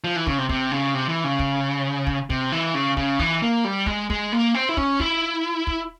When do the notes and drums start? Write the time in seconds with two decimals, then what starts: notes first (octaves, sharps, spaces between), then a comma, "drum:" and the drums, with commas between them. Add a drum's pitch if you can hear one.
0.04 F3
0.16 E3
0.27 C#3, drum: kick
0.38 C3
0.49 C3, drum: kick
0.72 C#3
0.94 C3
1.09 E3
1.24 C#3
1.39 drum: kick
2.07 drum: kick
2.30 C3, drum: kick
2.52 E3
2.74 C#3
2.97 C#3, drum: kick
3.19 E3, drum: kick
3.42 A#3
3.65 G3
3.86 G#3, drum: kick
4.10 G#3, drum: kick
4.32 A#3
4.54 C4
4.69 E4
4.77 C#4, drum: kick
5.00 E4, drum: kick
5.67 drum: kick